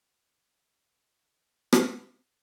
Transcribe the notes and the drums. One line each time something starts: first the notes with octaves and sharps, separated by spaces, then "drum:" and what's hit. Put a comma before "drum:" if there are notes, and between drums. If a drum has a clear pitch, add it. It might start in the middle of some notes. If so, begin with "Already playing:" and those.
A#5
F5
G#5
G#5
G#5
F5
C#5
A#4
drum: rim click
C#5